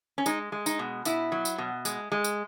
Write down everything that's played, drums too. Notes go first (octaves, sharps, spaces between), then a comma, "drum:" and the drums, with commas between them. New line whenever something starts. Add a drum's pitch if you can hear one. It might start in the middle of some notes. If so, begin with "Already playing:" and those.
C#4
G#3 D#4, drum: tambourine
G#3
D#4, drum: tambourine
B2
B2 E4, drum: tambourine
F#3
drum: tambourine
B2
G#3, drum: tambourine
G#3
drum: tambourine